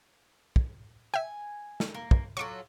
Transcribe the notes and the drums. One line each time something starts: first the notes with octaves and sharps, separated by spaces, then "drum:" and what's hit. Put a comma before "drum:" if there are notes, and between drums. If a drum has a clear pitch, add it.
drum: kick
E5 G5 G#5
drum: snare
A#3
G2, drum: kick
F#3 F4 A4 C#6 D6